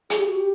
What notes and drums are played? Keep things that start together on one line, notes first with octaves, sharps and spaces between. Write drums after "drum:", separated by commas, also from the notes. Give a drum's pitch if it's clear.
G#4, drum: hi-hat
G4
F#4
G4